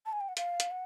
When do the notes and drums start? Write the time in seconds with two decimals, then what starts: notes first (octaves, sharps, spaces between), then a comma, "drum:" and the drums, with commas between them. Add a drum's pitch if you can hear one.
0.06 A5
0.13 G#5
0.20 G5
0.28 F#5
0.37 F5, drum: hi-hat
0.60 drum: hi-hat
0.71 F#5